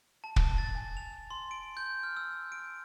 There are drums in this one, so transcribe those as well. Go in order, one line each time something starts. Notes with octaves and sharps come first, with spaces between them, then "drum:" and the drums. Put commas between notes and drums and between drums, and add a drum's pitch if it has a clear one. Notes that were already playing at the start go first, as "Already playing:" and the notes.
A5
drum: kick
A6
G#5
F7
C6
D7
G6
F6
E6
D7